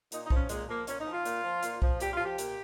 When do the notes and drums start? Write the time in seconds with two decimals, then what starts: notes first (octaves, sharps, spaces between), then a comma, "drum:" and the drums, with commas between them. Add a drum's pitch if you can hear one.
0.12 A#2 D#4, drum: hi-hat
0.24 D#4
0.30 F3, drum: kick B1
0.36 C#4
0.49 A#2 G#3, drum: hi-hat
0.68 F3 A#3
0.87 A#2 C#4, drum: hi-hat
1.00 D#4
1.06 F3
1.12 F4
1.25 A#2, drum: hi-hat
1.44 F3
1.63 A#2, drum: hi-hat
1.82 F3, drum: kick B1
2.00 A#2 G4, drum: hi-hat
2.13 F4
2.20 F3
2.26 G4
2.38 A#2, drum: hi-hat